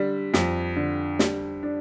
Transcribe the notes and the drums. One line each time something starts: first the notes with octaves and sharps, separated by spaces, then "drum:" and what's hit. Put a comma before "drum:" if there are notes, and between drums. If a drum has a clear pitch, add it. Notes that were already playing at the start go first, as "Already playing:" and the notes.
Already playing: D3 G3
F2, drum: snare
D3
G3, drum: snare
D4